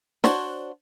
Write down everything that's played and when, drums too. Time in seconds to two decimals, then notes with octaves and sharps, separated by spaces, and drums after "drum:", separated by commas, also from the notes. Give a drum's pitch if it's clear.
0.24 D4 F#4 C5 C#5, drum: snare